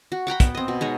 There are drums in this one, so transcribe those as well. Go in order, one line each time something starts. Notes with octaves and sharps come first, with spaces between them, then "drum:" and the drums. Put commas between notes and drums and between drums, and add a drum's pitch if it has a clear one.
F#4
F#5 G5 A#5 B5
B3, drum: kick, hi-hat
C4 D#5
B2
G#3 D#4 C#5